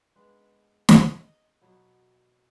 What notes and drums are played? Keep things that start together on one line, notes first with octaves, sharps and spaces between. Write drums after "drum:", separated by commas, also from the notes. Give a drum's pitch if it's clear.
G#3 B3 D4 B4
D#5, drum: snare
B2 F#3 B3